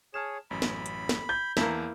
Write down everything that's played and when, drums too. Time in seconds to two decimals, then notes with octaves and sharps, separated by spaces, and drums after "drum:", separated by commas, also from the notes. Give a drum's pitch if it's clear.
0.14 G#4 C#5 A5 F6 E7
0.51 A1 F#2 B5
0.62 drum: snare
0.86 drum: hi-hat
1.09 drum: snare
1.29 G6
1.57 E2 A#3 E4 A5 A#5, drum: snare